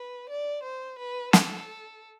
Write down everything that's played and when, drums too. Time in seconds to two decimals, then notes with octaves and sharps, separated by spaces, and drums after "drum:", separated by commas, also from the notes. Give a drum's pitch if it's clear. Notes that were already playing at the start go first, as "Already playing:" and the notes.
Already playing: B4
0.29 D5
0.63 C5
0.99 B4
1.33 A4, drum: snare